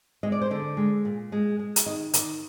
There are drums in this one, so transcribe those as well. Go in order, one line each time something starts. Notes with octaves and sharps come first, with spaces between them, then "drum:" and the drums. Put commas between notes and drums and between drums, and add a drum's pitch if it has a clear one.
G#3 D#5
D5
C5
D3 D5
G#3
A#2
G#3
G#3
drum: hi-hat
D#3 D#5
D#3 D5, drum: hi-hat